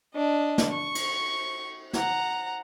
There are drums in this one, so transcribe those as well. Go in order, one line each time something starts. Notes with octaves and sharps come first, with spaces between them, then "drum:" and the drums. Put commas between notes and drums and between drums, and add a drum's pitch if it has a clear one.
D4 D#5
drum: snare
C#6
drum: cymbal
F#5 A#5, drum: snare